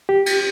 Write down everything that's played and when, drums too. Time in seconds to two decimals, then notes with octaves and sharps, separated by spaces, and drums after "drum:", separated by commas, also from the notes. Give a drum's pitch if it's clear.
0.09 G4
0.26 drum: cymbal